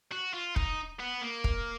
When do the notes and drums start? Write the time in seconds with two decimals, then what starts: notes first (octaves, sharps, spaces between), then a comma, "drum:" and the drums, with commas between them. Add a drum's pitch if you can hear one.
0.12 F#4
0.34 F4
0.56 D#4, drum: kick
1.00 B3
1.22 A#3
1.44 drum: kick